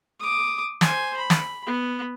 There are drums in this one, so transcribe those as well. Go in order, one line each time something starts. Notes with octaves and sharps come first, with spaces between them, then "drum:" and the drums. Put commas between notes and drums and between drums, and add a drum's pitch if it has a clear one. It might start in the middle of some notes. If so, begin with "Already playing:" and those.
D6 D#6
C5 G#5, drum: snare
B5
drum: snare
B3